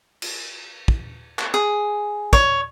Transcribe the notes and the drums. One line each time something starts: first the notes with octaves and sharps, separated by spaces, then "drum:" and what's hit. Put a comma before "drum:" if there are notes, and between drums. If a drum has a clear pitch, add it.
drum: cymbal
drum: kick
drum: clap
G#4
C#5, drum: kick